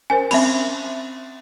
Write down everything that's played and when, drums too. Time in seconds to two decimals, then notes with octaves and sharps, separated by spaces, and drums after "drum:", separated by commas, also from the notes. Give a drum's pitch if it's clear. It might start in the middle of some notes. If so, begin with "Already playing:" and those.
0.10 C#4 A#4 C5 G#5
0.31 C4 C#4 E5 B5, drum: cymbal